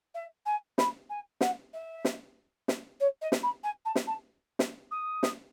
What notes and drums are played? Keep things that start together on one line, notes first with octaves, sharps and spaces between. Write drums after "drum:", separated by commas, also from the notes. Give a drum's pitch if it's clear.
E5
G#5
B5, drum: snare
G#5
F#5, drum: snare
E5
drum: snare
drum: snare
C#5
D#5
drum: snare
B5
G#5
A5
drum: snare
A5
drum: snare
D#6
drum: snare